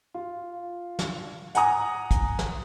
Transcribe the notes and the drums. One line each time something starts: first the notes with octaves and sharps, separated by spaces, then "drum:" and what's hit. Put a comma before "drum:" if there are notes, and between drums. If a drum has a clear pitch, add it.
F4
drum: snare
F#5 G#5 A#5 D#6, drum: hi-hat
drum: kick, hi-hat
drum: snare